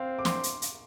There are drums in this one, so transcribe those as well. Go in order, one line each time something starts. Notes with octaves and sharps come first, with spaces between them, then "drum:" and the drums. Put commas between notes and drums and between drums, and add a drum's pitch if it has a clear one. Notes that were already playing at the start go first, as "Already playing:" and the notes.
Already playing: C4 F5
D6
C6, drum: snare
drum: hi-hat
drum: hi-hat